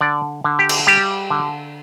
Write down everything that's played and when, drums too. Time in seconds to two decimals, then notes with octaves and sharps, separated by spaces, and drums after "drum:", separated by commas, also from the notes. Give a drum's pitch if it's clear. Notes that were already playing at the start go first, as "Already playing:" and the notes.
0.01 D3 D5
0.44 D3
0.59 G4
0.69 drum: cymbal
0.87 G3 G4
1.30 D3